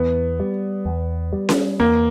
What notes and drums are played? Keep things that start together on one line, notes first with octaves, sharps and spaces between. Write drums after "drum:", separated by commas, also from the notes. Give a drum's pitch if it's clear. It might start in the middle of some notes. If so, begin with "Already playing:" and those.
Already playing: E2 B3
G3
E2
G3
drum: snare C#4
E2 A#3